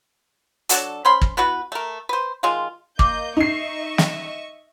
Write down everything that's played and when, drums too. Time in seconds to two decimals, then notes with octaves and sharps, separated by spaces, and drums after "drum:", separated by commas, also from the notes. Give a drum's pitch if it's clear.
0.69 F#3 D4 F#4 A4, drum: hi-hat
1.05 C#4 C5 B5 C6
1.21 drum: kick
1.37 B3 E4 F#4 B4
1.72 A3 A#4
2.09 B4 C5
2.43 D#3 G#3 F4
2.99 A#3 D#5 D6 G6, drum: kick
3.37 D#4 D#5 E5 C#6 C7
3.98 drum: snare